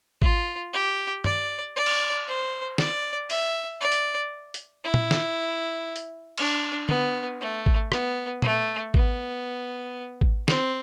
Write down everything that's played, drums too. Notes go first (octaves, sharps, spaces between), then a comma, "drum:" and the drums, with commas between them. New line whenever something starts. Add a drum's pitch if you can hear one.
F4, drum: kick G#1
G4
D5, drum: tom G2
D5
drum: cymbal
C5
D5, drum: snare
E5, drum: open hi-hat
D5
drum: hi-hat
drum: hi-hat
E4
drum: tom A#2
drum: snare
drum: hi-hat
D4, drum: cymbal
B3, drum: tom D3
A3
drum: kick G#1
B3, drum: rim click
A3, drum: tom A#2
B3, drum: kick G#1
drum: kick G#1
C4, drum: snare